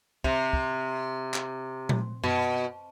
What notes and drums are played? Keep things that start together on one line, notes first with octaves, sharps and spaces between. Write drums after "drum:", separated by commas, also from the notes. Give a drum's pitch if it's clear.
C3, drum: kick
drum: kick
drum: clap
drum: tom A#2
B2, drum: tom F#2